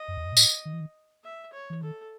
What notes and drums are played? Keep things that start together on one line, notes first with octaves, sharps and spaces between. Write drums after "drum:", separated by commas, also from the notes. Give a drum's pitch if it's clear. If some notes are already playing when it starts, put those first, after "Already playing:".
Already playing: D#5
F#2
E2
F#2
B2
A2, drum: tambourine
D#3
E3
D#3
E5
C#5
E3
D#3 A4